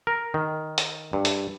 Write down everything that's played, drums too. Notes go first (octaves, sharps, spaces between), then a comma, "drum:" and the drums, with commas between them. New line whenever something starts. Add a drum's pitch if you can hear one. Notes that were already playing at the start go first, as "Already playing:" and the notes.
A#4
D#3
drum: hi-hat
G2
drum: hi-hat